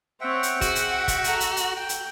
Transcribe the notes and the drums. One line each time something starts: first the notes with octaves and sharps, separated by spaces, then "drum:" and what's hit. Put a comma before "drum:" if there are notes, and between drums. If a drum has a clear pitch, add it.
C4 C#5 E5 F#5 G5
drum: hi-hat
F#4 G#4, drum: kick, hi-hat
drum: hi-hat
drum: kick, hi-hat
A4 A#5, drum: hi-hat
drum: hi-hat
drum: hi-hat
G5
drum: hi-hat